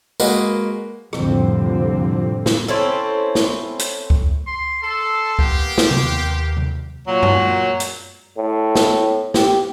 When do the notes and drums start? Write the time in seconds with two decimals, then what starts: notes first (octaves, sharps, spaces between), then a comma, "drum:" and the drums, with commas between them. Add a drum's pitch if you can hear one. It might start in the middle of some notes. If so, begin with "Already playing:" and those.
0.20 G#3 A#3 F#4 B4 D#5, drum: tambourine
1.13 C2 F2 A2 D3 F3 C4, drum: rim click
2.46 drum: snare
2.68 C4 C#4 E4 A4
3.35 drum: snare
3.79 drum: hi-hat
4.10 drum: kick C#2
4.47 C6
4.83 A4 C6
5.39 A#3 B3 G4, drum: kick C#2
5.78 drum: snare
5.91 drum: tom C3
6.03 D#2
6.57 drum: tom C3
7.07 A#2 F#3
7.23 drum: tom F#2
7.80 drum: hi-hat
8.37 A2
8.75 drum: snare
9.34 G4, drum: snare